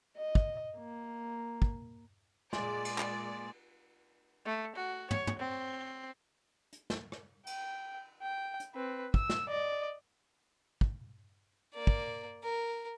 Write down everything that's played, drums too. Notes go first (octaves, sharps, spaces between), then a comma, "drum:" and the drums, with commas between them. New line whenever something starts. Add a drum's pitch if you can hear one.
D#5
drum: kick
A#3
drum: kick
A#2 G#3 D5 G#5 C6, drum: snare
drum: cymbal
drum: clap
A3
F#4
C#5, drum: tom
drum: tom
C4
drum: hi-hat
drum: snare
drum: rim click
G5, drum: cymbal
G5
drum: hi-hat
C4 B4
E6, drum: kick
drum: snare
D5 D#5
drum: kick
A#3 D5
drum: kick
A#4